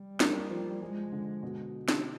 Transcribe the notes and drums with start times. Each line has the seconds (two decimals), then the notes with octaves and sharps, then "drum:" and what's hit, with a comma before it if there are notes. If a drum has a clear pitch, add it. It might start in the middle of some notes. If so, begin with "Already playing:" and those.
Already playing: G3
0.20 A#3, drum: snare
0.50 F3
0.81 F3 G#3
1.12 D3
1.43 B2
1.89 drum: snare